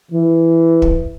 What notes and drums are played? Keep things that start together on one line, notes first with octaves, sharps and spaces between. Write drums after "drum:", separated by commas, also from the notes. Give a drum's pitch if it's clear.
E3
drum: kick